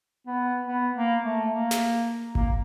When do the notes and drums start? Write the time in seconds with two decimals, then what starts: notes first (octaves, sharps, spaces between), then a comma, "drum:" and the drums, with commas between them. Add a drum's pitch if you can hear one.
0.27 B3
0.68 B3
0.96 A#3
1.24 A3
1.51 A#3
1.71 drum: snare
2.35 A#3, drum: kick G1